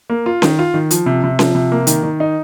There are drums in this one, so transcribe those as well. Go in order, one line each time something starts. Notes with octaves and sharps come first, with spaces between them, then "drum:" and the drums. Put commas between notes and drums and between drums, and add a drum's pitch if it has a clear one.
A#3
F4
D#3, drum: snare C#4
F4
D#3
F3, drum: hi-hat
C3
C3
F3, drum: snare C#4
C3
A#3
D#3, drum: hi-hat
D#3
D#4